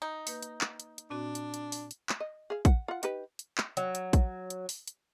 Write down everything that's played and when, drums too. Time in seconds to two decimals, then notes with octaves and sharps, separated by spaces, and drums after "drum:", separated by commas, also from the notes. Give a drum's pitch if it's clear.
0.02 D#4
0.27 A#3 B4 G6, drum: open hi-hat
0.42 drum: hi-hat
0.61 drum: clap
0.80 drum: hi-hat
0.98 drum: hi-hat
1.10 A#2 C4 D4 F#4
1.35 drum: hi-hat
1.54 drum: hi-hat
1.72 drum: open hi-hat
1.91 drum: hi-hat
2.09 drum: clap
2.20 D#5
2.50 G#4 F5
2.65 F#5, drum: kick, hi-hat
2.88 F4 F#5
3.03 D#4 G4 B4, drum: hi-hat
3.39 drum: hi-hat
3.58 drum: clap
3.77 F#3, drum: hi-hat
3.95 drum: hi-hat
4.13 drum: kick, hi-hat
4.50 drum: hi-hat
4.69 drum: open hi-hat
4.87 drum: hi-hat